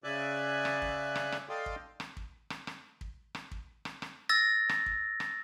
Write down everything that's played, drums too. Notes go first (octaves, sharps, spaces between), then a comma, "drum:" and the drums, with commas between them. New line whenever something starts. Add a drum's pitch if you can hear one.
C#3 D5 E5 G#5 F#6
drum: rim click
drum: kick
drum: rim click
drum: rim click
A4 D5 D#5 F5 G5 C6
drum: kick
drum: rim click
drum: kick
drum: rim click
drum: rim click
drum: kick
drum: rim click
drum: kick
drum: rim click
drum: rim click
E6 A6 A#6
drum: rim click
drum: kick
drum: rim click